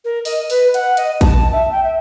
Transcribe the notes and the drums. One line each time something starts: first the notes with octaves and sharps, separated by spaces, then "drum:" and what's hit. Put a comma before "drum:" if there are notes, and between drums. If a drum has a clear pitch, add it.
A#4
D#5, drum: open hi-hat
B4, drum: open hi-hat
F#5, drum: hi-hat
D#5, drum: hi-hat
A5, drum: kick A#1, hi-hat
E5
G5
E5